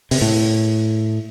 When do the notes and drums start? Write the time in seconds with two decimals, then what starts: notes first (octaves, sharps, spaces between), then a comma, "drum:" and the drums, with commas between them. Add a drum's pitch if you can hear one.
0.11 C3, drum: open hi-hat
0.21 A2